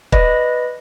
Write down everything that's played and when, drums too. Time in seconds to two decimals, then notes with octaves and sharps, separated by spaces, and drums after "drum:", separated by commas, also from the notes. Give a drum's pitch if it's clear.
0.12 B4 D5 D#5 B5 A#6, drum: kick